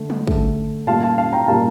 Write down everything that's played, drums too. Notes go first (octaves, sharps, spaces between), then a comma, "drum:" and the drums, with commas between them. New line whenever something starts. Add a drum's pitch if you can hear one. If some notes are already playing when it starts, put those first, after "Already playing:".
Already playing: D3 A3
drum: tom
D3 A3, drum: kick
A#2 G3 A#3 F5 A5
F5 A5
F5 A5
G5 A#5
A#2 G3 A#3 F5 A5